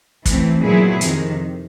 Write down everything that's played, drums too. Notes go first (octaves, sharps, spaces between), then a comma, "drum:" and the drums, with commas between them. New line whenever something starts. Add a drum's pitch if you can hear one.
E3 A3 C4, drum: kick, hi-hat
A#2 F#3 B3 E4 G#4
F2 C3 D#3, drum: hi-hat